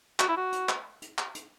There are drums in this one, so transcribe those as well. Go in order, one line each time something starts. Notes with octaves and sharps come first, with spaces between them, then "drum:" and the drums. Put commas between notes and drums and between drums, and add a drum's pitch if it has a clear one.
F#4, drum: clap
E4
F#4
drum: hi-hat
drum: clap
drum: hi-hat
drum: clap
drum: hi-hat